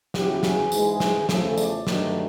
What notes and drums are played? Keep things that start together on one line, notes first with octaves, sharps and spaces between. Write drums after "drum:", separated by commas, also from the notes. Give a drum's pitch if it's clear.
E2 C#3 F#3 G4, drum: snare
G#4, drum: snare
G#2 E3 G#3, drum: tambourine
drum: snare
E2 C#3 F3 A3 A4, drum: snare
D5, drum: tambourine
G2 D#3 F#3 A3, drum: snare